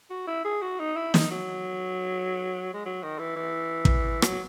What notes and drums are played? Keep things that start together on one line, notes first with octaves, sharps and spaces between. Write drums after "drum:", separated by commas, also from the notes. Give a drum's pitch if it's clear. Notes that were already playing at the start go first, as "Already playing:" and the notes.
F#4
E4
G#4
F#4
D#4
E4
D#4, drum: snare
F#3
G#3
F#3
D#3
E3
E3
drum: kick
F#3, drum: rim click